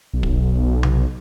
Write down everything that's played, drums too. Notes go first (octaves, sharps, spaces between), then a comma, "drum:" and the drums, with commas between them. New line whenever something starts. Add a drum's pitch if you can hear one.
B1
drum: kick
drum: tom C3